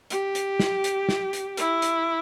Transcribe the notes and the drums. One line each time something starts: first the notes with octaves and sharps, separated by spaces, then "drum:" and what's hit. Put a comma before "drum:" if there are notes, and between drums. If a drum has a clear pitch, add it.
G4, drum: hi-hat
drum: hi-hat
drum: snare
drum: hi-hat
drum: snare
drum: hi-hat
E4, drum: hi-hat
drum: hi-hat